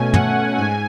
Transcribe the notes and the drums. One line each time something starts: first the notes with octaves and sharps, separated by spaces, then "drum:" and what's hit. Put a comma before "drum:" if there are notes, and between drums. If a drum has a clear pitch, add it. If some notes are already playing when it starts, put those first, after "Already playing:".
Already playing: B2 A3 C#4 G#5
F#5, drum: tom
G#2 G#5